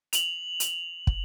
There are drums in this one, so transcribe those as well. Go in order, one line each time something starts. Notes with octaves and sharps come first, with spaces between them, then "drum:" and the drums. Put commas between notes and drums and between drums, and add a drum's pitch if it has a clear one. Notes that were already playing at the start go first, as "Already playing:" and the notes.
F7 F#7, drum: hi-hat
drum: hi-hat
drum: kick